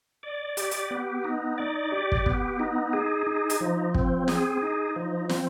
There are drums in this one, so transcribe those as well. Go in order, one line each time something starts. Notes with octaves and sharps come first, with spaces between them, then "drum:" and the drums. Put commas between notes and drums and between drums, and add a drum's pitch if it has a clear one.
D5
G4, drum: hi-hat
drum: hi-hat
B3
D#4
D5
G4
drum: kick
B3, drum: kick
D#4
G#4
D#4
drum: hi-hat
F3
C4, drum: kick
G#4, drum: snare
D#4
F3
C4, drum: snare